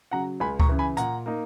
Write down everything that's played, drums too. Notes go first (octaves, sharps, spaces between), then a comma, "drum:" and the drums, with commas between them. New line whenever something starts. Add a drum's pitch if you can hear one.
C#3 F#3 F#5 A#5
C#2 G#5 B5
A#5 C#6, drum: kick C#2
C#3 E3
G#5 B5
A#2 F#5 A#5, drum: hi-hat
A#3 D#4